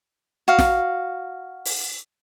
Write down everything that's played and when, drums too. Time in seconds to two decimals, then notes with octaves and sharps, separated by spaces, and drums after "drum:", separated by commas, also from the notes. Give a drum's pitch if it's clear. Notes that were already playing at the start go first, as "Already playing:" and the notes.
0.48 F#4 F5
0.59 drum: snare
1.65 drum: open hi-hat